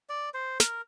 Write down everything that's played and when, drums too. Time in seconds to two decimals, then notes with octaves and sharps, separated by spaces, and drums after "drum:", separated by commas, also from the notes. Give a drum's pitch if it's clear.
0.09 D5
0.34 C5
0.60 A#4, drum: snare